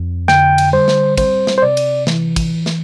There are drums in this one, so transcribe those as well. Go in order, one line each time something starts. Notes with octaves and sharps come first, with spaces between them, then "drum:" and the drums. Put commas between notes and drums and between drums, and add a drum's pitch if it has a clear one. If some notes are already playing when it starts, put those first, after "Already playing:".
Already playing: F2 C4
D3 G5, drum: snare
drum: cymbal
G3 C5
drum: snare
C4 C5, drum: kick, cymbal
drum: snare
C5
C3 D5
drum: cymbal
E3, drum: snare
drum: kick, cymbal
drum: snare